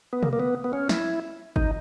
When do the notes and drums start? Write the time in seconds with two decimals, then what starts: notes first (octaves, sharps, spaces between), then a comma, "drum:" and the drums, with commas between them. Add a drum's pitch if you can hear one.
0.13 B3
0.23 A#3, drum: tom
0.33 A#3
0.40 B3
0.64 B3
0.73 C#4
0.89 E4, drum: snare
1.56 D#4, drum: kick G#1